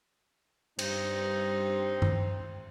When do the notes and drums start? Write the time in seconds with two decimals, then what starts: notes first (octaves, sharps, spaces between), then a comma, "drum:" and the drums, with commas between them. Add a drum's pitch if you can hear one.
0.79 G2 C4 D#4, drum: cymbal
2.02 drum: tom G2